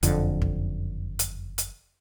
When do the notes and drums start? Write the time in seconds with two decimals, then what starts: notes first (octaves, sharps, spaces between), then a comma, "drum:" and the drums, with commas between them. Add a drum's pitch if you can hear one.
0.03 F#1 F2 D3, drum: hi-hat
0.42 drum: kick
1.19 drum: hi-hat
1.58 drum: hi-hat